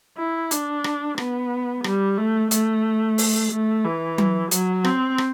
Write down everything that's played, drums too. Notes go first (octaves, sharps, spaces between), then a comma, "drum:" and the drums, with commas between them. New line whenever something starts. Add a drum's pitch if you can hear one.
E4
D4, drum: hi-hat
drum: rim click
B3, drum: rim click
G3, drum: rim click
A3
A3, drum: hi-hat
drum: open hi-hat
A3
E3
drum: tom F#3
F#3, drum: hi-hat
C4, drum: rim click
drum: rim click